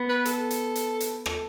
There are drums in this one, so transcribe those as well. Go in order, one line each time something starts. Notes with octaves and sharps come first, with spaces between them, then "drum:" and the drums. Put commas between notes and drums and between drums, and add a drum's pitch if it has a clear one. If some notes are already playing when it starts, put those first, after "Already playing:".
Already playing: B3
B4
A4, drum: hi-hat
drum: hi-hat
drum: hi-hat
drum: hi-hat
A4, drum: rim click